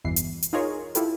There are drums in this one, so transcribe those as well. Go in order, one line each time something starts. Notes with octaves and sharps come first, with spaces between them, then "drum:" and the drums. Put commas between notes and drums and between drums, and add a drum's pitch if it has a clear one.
G1 E2 B2 E3 C7
drum: hi-hat
drum: hi-hat
D#4 F4 G#4 A#4 C#5
E4 F4 G4 A4 B4, drum: hi-hat